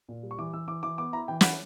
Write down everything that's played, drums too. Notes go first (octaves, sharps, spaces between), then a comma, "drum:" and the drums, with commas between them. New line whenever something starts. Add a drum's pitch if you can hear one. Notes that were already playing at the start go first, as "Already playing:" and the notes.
A#2
G3
C#6
E3 D6
E3 E6
E3 D6
E3 D6
B3 D6
E4 A#5
E3 G5
E4 F#5, drum: snare